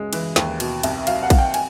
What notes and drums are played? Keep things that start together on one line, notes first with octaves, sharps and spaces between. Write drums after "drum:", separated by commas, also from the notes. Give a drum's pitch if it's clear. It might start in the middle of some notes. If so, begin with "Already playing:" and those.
Already playing: D2 C#3 G#3
E3, drum: cymbal
D#2, drum: snare
B2, drum: cymbal
C2, drum: cymbal
F#3 F5, drum: cymbal
F#5
C2, drum: kick A#1, cymbal
G5
G#5, drum: cymbal